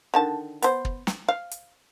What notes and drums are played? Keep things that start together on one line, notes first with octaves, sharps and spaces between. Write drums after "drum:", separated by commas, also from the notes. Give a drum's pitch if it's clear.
D3 D#3 A5
B3 C5, drum: hi-hat
drum: kick
drum: snare
F5
drum: hi-hat